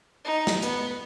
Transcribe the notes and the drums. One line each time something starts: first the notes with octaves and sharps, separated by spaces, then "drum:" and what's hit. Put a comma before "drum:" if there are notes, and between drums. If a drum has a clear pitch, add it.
D#4
drum: snare
B3, drum: hi-hat